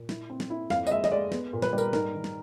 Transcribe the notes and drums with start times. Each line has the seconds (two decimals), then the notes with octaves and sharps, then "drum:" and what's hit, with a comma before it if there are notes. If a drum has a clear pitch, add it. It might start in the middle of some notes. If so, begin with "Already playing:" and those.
Already playing: A#2
0.09 E4, drum: snare
0.30 C4
0.40 drum: snare
0.50 E4
0.70 F2 F5, drum: snare
0.87 D#5, drum: tambourine
0.91 G#3 E5
1.04 D#5, drum: snare
1.12 G#3 D5
1.32 B3, drum: snare
1.53 A#2
1.62 B4, drum: snare
1.73 G3
1.78 A#4, drum: tambourine
1.93 G#2 A#4, drum: snare
2.14 D#3
2.24 drum: snare